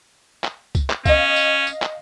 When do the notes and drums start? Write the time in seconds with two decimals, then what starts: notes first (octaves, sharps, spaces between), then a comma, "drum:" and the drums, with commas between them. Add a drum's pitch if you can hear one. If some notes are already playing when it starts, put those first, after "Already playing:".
0.44 drum: clap
0.75 drum: kick C2, tambourine
0.90 drum: clap
1.05 C#4 D#5 F5, drum: kick C2, tambourine
1.36 drum: tambourine
1.67 drum: tambourine
1.82 drum: clap